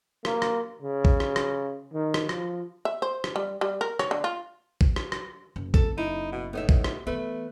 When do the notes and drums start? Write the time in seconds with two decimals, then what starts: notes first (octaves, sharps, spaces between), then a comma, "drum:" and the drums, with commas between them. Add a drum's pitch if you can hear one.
0.25 A#3, drum: rim click
0.42 drum: rim click
0.82 C#3
1.05 drum: kick A#1
1.20 drum: rim click
1.36 drum: rim click
1.93 D#3
2.14 drum: rim click
2.29 F3, drum: rim click
2.85 E5
3.02 C5
3.24 drum: rim click
3.36 G3
3.61 G3
3.81 A#4
3.99 C#5, drum: rim click
4.11 D3
4.24 F4
4.81 drum: kick A#1
4.96 drum: rim click
5.12 drum: rim click
5.56 F#1
5.74 A4, drum: kick A#1
5.98 D#4 E4
6.32 B2
6.53 A2 B3 D#4 E5
6.69 drum: kick A#1
6.84 drum: rim click
7.07 E3 A3 B3 B4